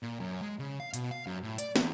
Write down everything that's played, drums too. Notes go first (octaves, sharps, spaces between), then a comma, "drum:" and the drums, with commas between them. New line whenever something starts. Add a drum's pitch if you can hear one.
A#2
F#2
G#3
C#3
F5
B2, drum: hi-hat
F5
F#2
A2
D5, drum: hi-hat
E2, drum: snare